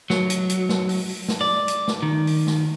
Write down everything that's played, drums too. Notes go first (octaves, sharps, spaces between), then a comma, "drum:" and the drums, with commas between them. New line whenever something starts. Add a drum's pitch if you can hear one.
F#3, drum: snare
drum: hi-hat
drum: hi-hat
drum: snare
drum: open hi-hat
drum: open hi-hat
drum: snare
D5
drum: hi-hat
drum: snare
D#3
drum: open hi-hat
drum: snare